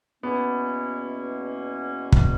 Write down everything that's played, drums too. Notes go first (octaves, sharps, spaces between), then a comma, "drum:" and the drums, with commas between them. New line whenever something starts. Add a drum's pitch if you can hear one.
E2 B2 A#3 B3 C#4
drum: kick